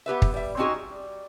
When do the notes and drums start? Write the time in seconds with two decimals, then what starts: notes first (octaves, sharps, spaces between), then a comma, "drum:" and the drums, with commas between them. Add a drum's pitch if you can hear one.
0.06 B3 G4 B4 E5
0.22 drum: kick
0.34 G3 E5
0.57 C4 C#4 D#4 F#4 G#4
0.74 G3